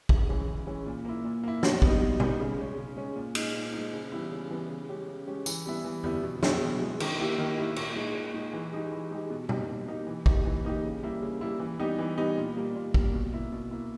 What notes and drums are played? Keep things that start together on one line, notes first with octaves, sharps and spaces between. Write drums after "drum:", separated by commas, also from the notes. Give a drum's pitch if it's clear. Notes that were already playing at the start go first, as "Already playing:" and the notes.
C#3, drum: kick
E3 G#3 C#4
C#3
E3 G#3 C#4
A#2
A#3 E4
A#2
A#3 E4
B2, drum: snare
G3 B3 D#4, drum: kick
B2
G3 B3 D#4, drum: tom B2
C#3
G#3 C#4
C#3
G#3 C#4
A#2
G#3 D#4, drum: cymbal
A#2
G#3 D#4
C#3
E3 G3 B3 E4
C#3
E3 G3 B3 E4
C#3
G#3 C#4 G4
C#3
G#3 C#4 G4
E3, drum: tambourine
G3 B3 E4
E3
G3 B3 E4, drum: tom E2
B2
G#3 B3 E4, drum: snare
B2
G#3 B3 E4
D#3, drum: cymbal
A#3 E4 G4
D#3
A#3 E4 G4
A#2, drum: cymbal
G#3 D#4
A#2
G#3 D#4
E3
G#3 D#4 G4
E3
G#3 D#4 G4
B2
A#3 D#4 G4, drum: tom B2
B2
A#3 D#4 G4
E3
A#3 D#4 G4, drum: kick
E3
A#3 D#4 G4
C#3
G3 A#3 E4
C#3
G3 A#3 E4
E3
G3 B3 D#4 G4
E3
G3 B3 D#4 G4
A#2
G3 A#3
A#2
G3 A#3, drum: kick
B2
A#3 E4
B2
A#3 E4